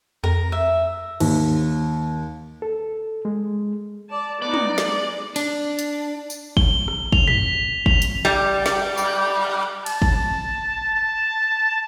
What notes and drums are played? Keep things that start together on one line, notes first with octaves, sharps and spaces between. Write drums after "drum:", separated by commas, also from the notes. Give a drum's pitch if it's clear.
F2 A#4
E5
D#2, drum: cymbal
A4
G#3
D5 A5
B3 D#4 D5
drum: tom
G#3, drum: snare
D4, drum: cymbal
drum: hi-hat
drum: tambourine
G7, drum: kick
drum: rim click
F7, drum: kick
B6, drum: tom
F7, drum: kick
drum: hi-hat
G3
drum: snare
drum: tambourine
A5, drum: cymbal
drum: kick
A5